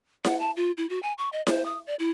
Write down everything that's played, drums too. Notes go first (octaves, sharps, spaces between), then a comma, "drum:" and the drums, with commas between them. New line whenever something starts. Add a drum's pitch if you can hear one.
F#5, drum: snare E4
A5
F4
E4
F#4
G#5
C#6
D#5
C5, drum: snare E4
D#6
D5
E4